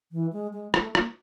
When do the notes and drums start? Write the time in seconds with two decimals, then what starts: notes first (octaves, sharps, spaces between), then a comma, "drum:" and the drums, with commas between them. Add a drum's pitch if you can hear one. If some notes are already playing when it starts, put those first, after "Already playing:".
0.12 E3
0.33 G#3
0.53 G#3
0.74 A3, drum: rim click
0.95 A#3, drum: rim click